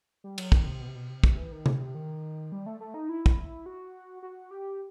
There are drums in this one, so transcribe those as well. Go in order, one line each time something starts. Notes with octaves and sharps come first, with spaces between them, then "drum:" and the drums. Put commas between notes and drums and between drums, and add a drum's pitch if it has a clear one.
G3
F#3, drum: cymbal
D#3, drum: kick
C3
B2
C3
B2
C3
drum: kick
E3
D#3
C3, drum: tom C3
C3
D#3
G3
A3
A3
D#4
E4
drum: kick
F#4
F#4
G4